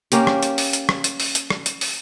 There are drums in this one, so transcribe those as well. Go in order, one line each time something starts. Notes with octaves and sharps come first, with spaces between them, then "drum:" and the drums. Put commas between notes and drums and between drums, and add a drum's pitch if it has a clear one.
A#3 C#4 G4, drum: hi-hat
drum: rim click
drum: hi-hat
drum: open hi-hat
drum: hi-hat
drum: rim click
drum: hi-hat
drum: open hi-hat
drum: hi-hat
drum: rim click
drum: hi-hat
drum: open hi-hat